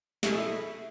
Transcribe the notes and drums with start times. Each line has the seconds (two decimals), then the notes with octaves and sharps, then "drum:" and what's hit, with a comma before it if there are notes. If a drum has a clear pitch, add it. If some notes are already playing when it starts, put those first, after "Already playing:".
0.23 B2 A3 E4 G#4, drum: snare